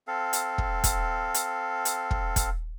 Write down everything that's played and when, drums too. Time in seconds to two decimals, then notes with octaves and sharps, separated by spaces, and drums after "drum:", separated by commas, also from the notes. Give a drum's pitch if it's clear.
0.07 C4 A4 F5
0.33 drum: hi-hat
0.58 drum: kick
0.84 drum: kick, hi-hat
1.34 drum: hi-hat
1.85 drum: hi-hat
2.11 drum: kick
2.36 drum: kick, hi-hat